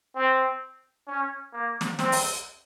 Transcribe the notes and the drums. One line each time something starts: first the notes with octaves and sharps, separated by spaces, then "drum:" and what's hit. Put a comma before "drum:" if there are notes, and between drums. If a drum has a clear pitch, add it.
C4
C#4
A#3
drum: snare
C4, drum: snare
drum: open hi-hat